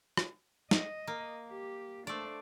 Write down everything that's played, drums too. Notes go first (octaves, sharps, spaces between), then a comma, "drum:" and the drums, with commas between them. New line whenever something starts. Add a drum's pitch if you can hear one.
drum: rim click
D#5, drum: snare
A#3
G4
A3 D4 C5 D5